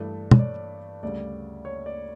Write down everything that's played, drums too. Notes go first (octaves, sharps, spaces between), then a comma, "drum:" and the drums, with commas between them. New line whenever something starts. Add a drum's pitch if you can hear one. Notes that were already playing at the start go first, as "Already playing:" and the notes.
Already playing: G2 E3 A3 D5
C#5, drum: tom
D5
D2 C#3 G3 D5
C#5
D5